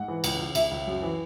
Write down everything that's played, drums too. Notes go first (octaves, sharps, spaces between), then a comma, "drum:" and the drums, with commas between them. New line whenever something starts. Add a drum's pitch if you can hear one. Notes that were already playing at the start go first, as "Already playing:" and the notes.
Already playing: G#2 F#5
E3
C#2, drum: cymbal
C#2
C#2 E5, drum: cymbal
C#2
F#2
E3